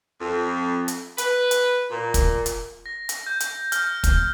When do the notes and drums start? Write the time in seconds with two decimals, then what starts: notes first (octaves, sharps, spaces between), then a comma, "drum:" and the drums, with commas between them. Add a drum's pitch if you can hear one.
0.20 F2
0.88 drum: hi-hat
1.18 B4, drum: hi-hat
1.51 drum: hi-hat
1.91 A#2
2.14 drum: kick, hi-hat
2.46 drum: hi-hat
2.86 A#6
3.09 drum: hi-hat
3.27 G6
3.40 drum: hi-hat
3.72 F6, drum: hi-hat
4.04 drum: kick, hi-hat